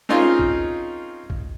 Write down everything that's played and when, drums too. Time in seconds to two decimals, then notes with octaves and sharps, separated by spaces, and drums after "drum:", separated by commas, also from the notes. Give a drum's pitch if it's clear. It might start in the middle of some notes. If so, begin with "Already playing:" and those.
0.09 C4 C#4 D#4 F4 G#4 A#4
0.39 drum: kick
1.30 drum: kick